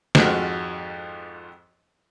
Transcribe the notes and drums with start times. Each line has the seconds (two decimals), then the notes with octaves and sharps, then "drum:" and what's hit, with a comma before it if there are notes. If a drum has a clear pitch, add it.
0.15 G#1 F2 G#2 F#4 F6, drum: snare